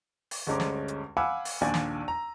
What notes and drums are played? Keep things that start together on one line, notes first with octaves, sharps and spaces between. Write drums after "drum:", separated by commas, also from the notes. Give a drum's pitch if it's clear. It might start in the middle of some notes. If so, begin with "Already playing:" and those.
drum: open hi-hat
D2 G2 G#3 C#4 A#5 D6
drum: snare
drum: hi-hat
F5 F#5 G#5 B5 D6 E6
drum: open hi-hat
A#1 D#2 D4 D5 G#5
drum: snare
A#5